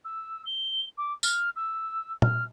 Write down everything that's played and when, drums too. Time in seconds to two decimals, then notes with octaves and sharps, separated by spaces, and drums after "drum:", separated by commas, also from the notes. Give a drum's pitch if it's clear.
0.04 E6
0.46 G7
0.97 D6
1.23 F6, drum: tambourine
1.56 E6
2.22 F6, drum: tom